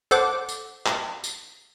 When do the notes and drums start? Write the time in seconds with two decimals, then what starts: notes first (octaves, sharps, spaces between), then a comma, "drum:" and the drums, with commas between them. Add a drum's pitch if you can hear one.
0.11 A4 C5 F#5 D6, drum: tambourine
0.49 drum: tambourine
0.86 drum: clap
1.24 drum: tambourine